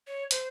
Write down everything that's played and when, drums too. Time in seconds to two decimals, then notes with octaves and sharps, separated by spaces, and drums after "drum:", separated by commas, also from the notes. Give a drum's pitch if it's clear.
0.07 C#5
0.31 C5, drum: hi-hat